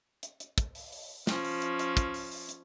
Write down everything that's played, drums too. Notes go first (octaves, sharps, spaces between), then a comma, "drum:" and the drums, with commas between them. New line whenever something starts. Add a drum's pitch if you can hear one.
drum: hi-hat
drum: hi-hat
drum: kick, hi-hat
drum: open hi-hat
drum: open hi-hat
F3 C#4, drum: snare
drum: open hi-hat
drum: hi-hat
drum: hi-hat
drum: kick, hi-hat
drum: open hi-hat
drum: open hi-hat
drum: hi-hat